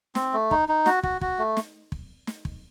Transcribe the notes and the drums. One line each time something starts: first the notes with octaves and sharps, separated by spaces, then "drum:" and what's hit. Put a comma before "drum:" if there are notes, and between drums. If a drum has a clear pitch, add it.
C4, drum: snare
A3
D#4, drum: kick
D#4
F#4, drum: snare
F#4, drum: kick
F#4, drum: kick
A3
drum: snare
drum: kick
drum: snare
drum: kick